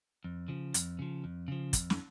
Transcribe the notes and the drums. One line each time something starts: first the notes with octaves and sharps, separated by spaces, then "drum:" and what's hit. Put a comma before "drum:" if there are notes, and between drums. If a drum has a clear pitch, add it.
F2
C#3 F3
F2, drum: hi-hat
C#3 F3
F2
C#3 F3
F2, drum: kick, hi-hat
drum: snare